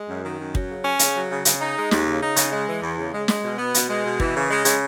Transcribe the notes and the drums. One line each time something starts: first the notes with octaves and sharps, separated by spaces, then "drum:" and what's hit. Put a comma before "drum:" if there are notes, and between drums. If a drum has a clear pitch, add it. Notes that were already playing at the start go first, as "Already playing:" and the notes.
Already playing: G#3
F#2
D#3
F#2
F#3, drum: kick
C#3
C#4
C#3, drum: hi-hat
F#3
C#3
C#3, drum: hi-hat
D#4
G#3
D#2, drum: snare
C#3
D#4
C#3, drum: hi-hat
G#3
E3
E2
C#3
G#3
G#3, drum: snare
B2
B3
B2, drum: hi-hat
G#3
B2
E3, drum: kick
C#3
G#3
C#3, drum: hi-hat